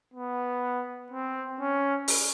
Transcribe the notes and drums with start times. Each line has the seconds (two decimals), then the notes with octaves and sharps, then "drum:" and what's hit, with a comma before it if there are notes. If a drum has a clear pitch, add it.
0.13 B3
1.12 C4
1.60 C#4
2.08 drum: open hi-hat